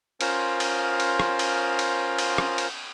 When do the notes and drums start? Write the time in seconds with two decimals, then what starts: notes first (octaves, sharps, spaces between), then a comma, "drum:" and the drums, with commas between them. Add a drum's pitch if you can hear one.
0.21 C#4 F4 A#4 C5, drum: cymbal
0.60 drum: cymbal
1.00 drum: cymbal
1.20 drum: rim click
1.39 drum: cymbal
1.79 drum: cymbal
2.18 drum: cymbal
2.38 drum: rim click
2.58 drum: cymbal